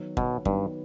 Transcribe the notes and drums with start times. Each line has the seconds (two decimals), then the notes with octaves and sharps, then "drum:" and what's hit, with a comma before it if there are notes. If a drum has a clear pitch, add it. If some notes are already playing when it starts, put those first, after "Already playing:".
Already playing: D#3 F#3 B3
0.17 B2 D#3 F#3 B3, drum: kick
0.45 G2 D#3 F#3 B3, drum: kick